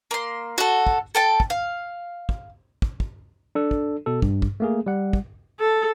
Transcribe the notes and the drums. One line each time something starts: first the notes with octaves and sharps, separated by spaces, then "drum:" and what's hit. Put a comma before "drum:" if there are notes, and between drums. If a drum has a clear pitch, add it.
A#3 C6
F#4 A4
drum: kick
A4 G5 A5
drum: kick
F5
drum: kick
drum: kick
drum: kick
D4 A4
drum: kick
B2 A4
G2, drum: kick
drum: kick
A3 A#3 G#4
G3 F#5
drum: kick
A4